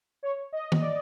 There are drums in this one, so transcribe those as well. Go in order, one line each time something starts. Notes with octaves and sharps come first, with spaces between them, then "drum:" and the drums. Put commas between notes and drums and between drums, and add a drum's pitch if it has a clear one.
C#5
D#5
drum: tom D#3
D5